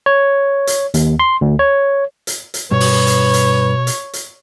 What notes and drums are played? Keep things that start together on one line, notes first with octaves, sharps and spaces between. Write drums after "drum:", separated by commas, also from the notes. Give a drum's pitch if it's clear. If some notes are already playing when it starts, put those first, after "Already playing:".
C#5
drum: hi-hat
D#2, drum: hi-hat
C6
D2
C#5
drum: hi-hat
drum: hi-hat
G2 B2 B4 C#5
drum: open hi-hat
drum: hi-hat
drum: hi-hat
drum: hi-hat
drum: hi-hat